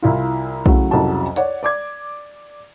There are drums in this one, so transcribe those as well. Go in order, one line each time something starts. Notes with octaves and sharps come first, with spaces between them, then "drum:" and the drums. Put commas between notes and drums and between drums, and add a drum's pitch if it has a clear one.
C2 E4 F4
C#3 F#3 A3 E4, drum: kick B1
C2 F2 C#3 F#3 A5
C#5 D5 F#5, drum: hi-hat
D5 D6 G#6